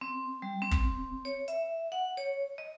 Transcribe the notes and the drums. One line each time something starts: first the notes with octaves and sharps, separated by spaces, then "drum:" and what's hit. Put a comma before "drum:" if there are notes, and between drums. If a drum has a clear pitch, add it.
C4
G3
C4
drum: kick, hi-hat
C#5
E5, drum: hi-hat
F#5
C#5
D#5